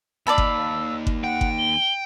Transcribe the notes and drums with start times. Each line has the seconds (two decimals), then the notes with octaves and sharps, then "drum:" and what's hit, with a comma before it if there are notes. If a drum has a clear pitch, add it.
0.27 D#2 D5 F5 A5 B5 E6
0.38 drum: kick G1
1.07 drum: kick G1
1.24 F#5 G5
1.41 drum: kick G1
1.58 G7